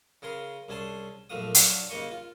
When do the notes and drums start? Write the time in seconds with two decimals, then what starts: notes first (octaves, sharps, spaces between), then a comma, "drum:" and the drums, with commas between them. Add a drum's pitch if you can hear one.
0.22 C#3 G#4 A#4 C6
0.69 C2 C#4 G#4 A5 C6
1.30 A#1 F#2 F3 A3 F5 D#6
1.55 F#3 D4 F5 F#5, drum: hi-hat
1.89 D#2 C#3 A#3 D#5 C#6
2.12 F4